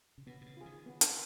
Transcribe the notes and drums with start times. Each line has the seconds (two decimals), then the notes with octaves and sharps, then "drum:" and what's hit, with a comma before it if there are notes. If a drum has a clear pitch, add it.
0.18 C#3
0.27 B2 B3
0.41 B2
0.46 C#3
0.57 F4 G#4
0.66 D#3
0.86 B3
1.01 drum: hi-hat